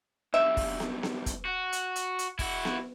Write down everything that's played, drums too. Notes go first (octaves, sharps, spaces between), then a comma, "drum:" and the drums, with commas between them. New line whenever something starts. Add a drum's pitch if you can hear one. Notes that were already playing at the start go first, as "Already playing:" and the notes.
B1 G2 E5
drum: kick, open hi-hat
drum: snare B3
drum: snare B3
drum: kick, hi-hat
F#4
drum: hi-hat
drum: hi-hat
drum: hi-hat
E4 F#4, drum: kick, open hi-hat
drum: snare B3